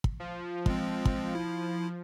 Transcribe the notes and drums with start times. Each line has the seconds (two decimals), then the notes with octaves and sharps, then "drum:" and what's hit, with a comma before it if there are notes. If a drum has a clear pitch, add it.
0.04 drum: kick
0.20 F3
0.66 G#3 C4, drum: kick
1.05 drum: kick
1.35 E4